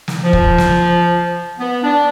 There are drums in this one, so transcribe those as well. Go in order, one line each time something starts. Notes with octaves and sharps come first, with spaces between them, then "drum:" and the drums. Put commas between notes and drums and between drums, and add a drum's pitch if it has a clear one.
drum: snare
F3
drum: kick
drum: snare
B3
D4